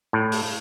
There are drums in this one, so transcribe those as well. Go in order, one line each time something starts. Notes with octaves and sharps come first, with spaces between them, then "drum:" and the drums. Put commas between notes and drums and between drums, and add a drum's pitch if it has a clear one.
A2
drum: open hi-hat